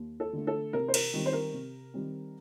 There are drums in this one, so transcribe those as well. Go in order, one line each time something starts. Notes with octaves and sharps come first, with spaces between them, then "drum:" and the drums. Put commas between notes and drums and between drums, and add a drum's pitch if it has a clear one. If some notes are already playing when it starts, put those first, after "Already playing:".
Already playing: D#2
A4
D3 A3
A4
C3 A#4
C5
A#4, drum: cymbal
D#3 G3 C4
C5
A#4
C3
D#3 G3 C4